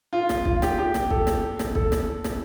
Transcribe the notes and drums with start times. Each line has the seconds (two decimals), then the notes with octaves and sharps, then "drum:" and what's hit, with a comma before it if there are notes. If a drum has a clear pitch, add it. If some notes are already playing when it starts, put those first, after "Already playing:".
0.13 F4
0.29 drum: snare
0.45 F4, drum: kick B1
0.62 G4, drum: snare
0.78 G4
0.94 drum: snare
1.10 A4, drum: kick B1
1.27 drum: snare
1.59 drum: snare
1.75 A4, drum: kick B1
1.92 drum: snare
2.24 drum: snare